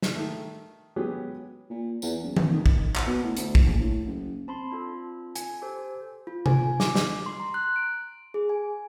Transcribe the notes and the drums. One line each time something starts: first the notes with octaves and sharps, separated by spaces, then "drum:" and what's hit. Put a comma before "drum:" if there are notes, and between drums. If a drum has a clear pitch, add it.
drum: snare
D#3 A3
F#3 G#3 B3 C#4 G4 G#4
A#2
E2, drum: tambourine
F#1
A#1, drum: tom D#3
D#3
drum: kick
drum: clap
B2
A2
D2, drum: hi-hat
drum: kick
A#1
A2
F#1
C4 A5 B5 C6
D4 F4 A4
G#5, drum: hi-hat
G4 A4 C5
F4
G#5, drum: tom C3
D6, drum: snare
drum: snare
C6
A#5
F#6
D7
G#4
G#5